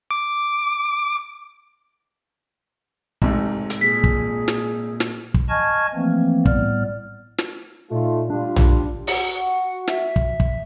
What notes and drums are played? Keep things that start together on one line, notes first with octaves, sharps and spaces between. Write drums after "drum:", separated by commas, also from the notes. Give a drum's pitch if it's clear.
D6
A1 G#2 C3, drum: kick
drum: hi-hat
A#2 G#4 B6
drum: kick
drum: snare
drum: snare
drum: kick
D#5 G#5 A5 C#6 F6 G#6
E3 F3 A3 A#3 C4
A2 G3 B3 D5 F6, drum: kick
drum: snare
A#2 A3 D#4 F4
G3 D4 F4
drum: tom A#1
F#4 F#5, drum: open hi-hat
E5, drum: snare
drum: kick
drum: kick